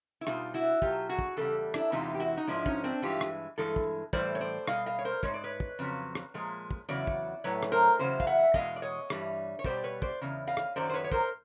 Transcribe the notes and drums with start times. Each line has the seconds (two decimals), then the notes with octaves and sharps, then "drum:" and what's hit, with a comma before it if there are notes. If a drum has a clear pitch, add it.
0.21 E4
0.27 B2 G3 D#4 F4, drum: rim click
0.54 E4 F#4
0.82 B2 F#3 F4 G4, drum: kick
1.09 F#4 G#4
1.19 drum: kick
1.37 E2 C#3 G3 A4
1.74 D4 E4, drum: rim click
1.92 E2 C3 E3 G#3 D#4 F4
2.14 G4
2.20 E4 F#4
2.37 D#4
2.47 G#2 F3 G#3 D4 E4
2.66 C#4 D#4, drum: kick
2.84 C4 D4
3.02 G2 E3 G#3 F4 G4
3.21 drum: rim click
3.58 G2 E3 G#3 A4
3.76 drum: kick
4.13 A2 E3 G3 C5 D5, drum: kick
4.35 C#5
4.40 C5 D5
4.67 B2 G3 D#5 F5, drum: rim click
4.86 D#5 F5
4.99 C#5
5.05 A#4 C5
5.23 G#2 F3 G#3 C#5, drum: kick
5.34 D5
5.44 B4 C#5
5.60 drum: kick
5.79 F2 C#3 F#3
6.15 drum: rim click
6.34 A#2 F3 G#3
6.71 drum: kick
6.89 E2 C#3 F#3 D5
7.07 drum: kick
7.44 A2 F#3 B4 C#5
7.63 drum: rim click
7.72 A#4 C5
7.99 E2 C#3 F#3 C5
8.20 F5, drum: kick
8.27 E5 F#5
8.54 E2 B2 G#3 D#5 F5, drum: kick
8.76 D5
8.82 C#5 D#5
9.10 G2 E3 G3, drum: rim click
9.59 C#5
9.64 B2 G3 C5 D5, drum: kick
9.84 B4 C#5
10.02 C5 D5, drum: kick
10.21 E2 C#3
10.47 D#5 F5
10.57 drum: rim click
10.76 F#2 D#3 F#3 C5 D5
10.90 C5
10.94 B4 C#5
11.04 C#5
11.12 A#4 C5, drum: kick